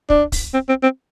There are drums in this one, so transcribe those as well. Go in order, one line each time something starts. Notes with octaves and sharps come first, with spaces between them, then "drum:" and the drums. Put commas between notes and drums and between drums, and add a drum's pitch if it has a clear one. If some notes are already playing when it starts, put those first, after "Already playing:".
D4, drum: kick
drum: kick, open hi-hat
C4
C4
C4